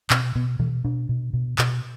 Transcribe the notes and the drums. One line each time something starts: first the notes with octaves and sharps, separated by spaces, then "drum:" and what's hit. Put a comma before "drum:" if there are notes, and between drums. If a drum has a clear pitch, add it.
B2 C4, drum: clap
B2 B3
B2 E3
B2 D4
B2
B2
B2, drum: clap